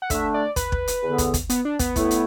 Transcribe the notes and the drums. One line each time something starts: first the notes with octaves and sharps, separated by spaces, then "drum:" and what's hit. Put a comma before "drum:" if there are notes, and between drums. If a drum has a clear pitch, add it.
F#5
D3 A3 D4 E5, drum: kick, hi-hat
D5
B4, drum: kick, hi-hat
drum: kick
drum: hi-hat
E2 D3 B3
drum: kick, hi-hat
drum: kick, hi-hat
B3, drum: hi-hat
D4
B3, drum: kick, hi-hat
A2 A3 E4, drum: kick, hi-hat
drum: hi-hat